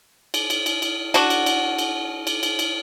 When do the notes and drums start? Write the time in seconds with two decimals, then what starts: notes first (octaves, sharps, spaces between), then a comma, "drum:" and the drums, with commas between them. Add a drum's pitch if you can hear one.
0.34 drum: cymbal
0.50 drum: cymbal
0.66 drum: cymbal
0.82 drum: cymbal
1.14 D4 F#4, drum: cymbal
1.30 drum: cymbal
1.46 drum: cymbal
1.79 drum: cymbal
2.27 drum: cymbal
2.43 drum: cymbal
2.59 drum: cymbal